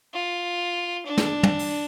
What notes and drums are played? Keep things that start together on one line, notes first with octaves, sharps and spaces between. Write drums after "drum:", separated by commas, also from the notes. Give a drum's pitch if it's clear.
F4
D4
drum: snare
drum: tom
drum: open hi-hat